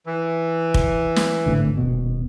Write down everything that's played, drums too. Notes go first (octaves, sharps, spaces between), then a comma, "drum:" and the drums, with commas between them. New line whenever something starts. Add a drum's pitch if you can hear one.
E3
drum: kick
drum: snare
G#1 A2 D3
D#1 B2